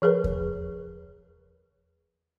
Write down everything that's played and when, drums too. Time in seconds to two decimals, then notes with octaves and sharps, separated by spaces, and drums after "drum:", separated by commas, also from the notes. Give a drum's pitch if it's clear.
0.02 F3 G#4 A#4 B4
0.24 drum: kick E2